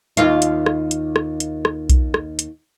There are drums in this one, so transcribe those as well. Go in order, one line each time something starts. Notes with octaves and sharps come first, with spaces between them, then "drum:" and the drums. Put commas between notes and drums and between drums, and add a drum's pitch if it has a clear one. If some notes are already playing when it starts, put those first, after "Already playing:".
D#2 F4, drum: hi-hat
drum: hi-hat
drum: rim click
drum: hi-hat
drum: rim click
drum: hi-hat
drum: rim click
drum: kick B1, hi-hat
drum: rim click
drum: hi-hat